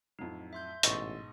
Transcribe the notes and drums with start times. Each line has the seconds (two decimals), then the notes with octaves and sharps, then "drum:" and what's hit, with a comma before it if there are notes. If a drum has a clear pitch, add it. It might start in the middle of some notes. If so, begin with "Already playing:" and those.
0.19 F2 A2 F#3 D#4
0.53 E5 C6 G6
0.83 A1 G#2 B2 D#5 C6 C#6 E6 A6, drum: hi-hat